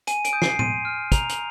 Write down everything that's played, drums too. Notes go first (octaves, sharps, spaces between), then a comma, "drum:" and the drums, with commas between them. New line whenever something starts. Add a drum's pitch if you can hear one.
G#5 D#7, drum: hi-hat
D7, drum: hi-hat
D#6 G6
C7, drum: snare
C6 D#7, drum: tom A2
F6
A#5 F7, drum: kick, hi-hat
drum: hi-hat